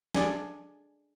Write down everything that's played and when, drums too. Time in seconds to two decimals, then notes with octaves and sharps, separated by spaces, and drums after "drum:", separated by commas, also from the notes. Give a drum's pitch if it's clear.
0.15 D4 G#4 D5 G#5, drum: snare